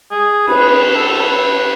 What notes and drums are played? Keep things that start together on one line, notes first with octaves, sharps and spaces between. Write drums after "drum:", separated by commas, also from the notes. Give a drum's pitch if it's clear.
G#4
B4, drum: cymbal
B4
A4
A4
B4